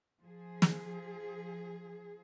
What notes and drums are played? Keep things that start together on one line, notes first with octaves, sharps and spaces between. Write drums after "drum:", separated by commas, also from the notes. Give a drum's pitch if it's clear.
F3 G#4
drum: snare